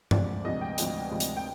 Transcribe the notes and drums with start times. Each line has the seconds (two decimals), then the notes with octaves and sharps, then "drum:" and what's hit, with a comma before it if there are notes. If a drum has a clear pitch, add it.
0.11 D2 C3 F3 G#3 D5, drum: tom G2
0.44 D2 C3 F3 G#3 D#5
0.61 G5
0.78 D2 C3 F3 G#3, drum: hi-hat
1.11 D2 C3 F3 G#3
1.20 drum: hi-hat
1.37 G5